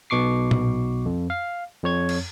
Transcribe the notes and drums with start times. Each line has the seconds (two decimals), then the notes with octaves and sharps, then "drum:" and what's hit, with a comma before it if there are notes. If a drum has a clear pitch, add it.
0.10 B1 B2 C#6 D6 C7
0.51 drum: tom A#2
1.06 F2
1.30 F5
1.84 F2 C#5 G#6
2.09 drum: cymbal